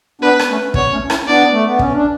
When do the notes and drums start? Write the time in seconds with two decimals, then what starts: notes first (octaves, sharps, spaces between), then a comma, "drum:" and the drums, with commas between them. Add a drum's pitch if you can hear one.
0.21 B3 D4 B4
0.39 drum: rim click
0.49 A3 C#4
0.74 G3 B3 C#5, drum: kick
0.91 A3 C#4
1.10 C#4 E4, drum: rim click
1.27 B3 D4 D5
1.51 A3
1.66 B3
1.79 C#4, drum: kick
1.92 D4